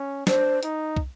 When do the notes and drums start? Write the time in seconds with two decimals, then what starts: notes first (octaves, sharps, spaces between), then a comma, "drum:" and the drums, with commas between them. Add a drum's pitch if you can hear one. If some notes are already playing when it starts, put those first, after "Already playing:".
Already playing: C#4
0.27 D4 C5, drum: snare
0.63 D#4, drum: hi-hat
0.97 drum: kick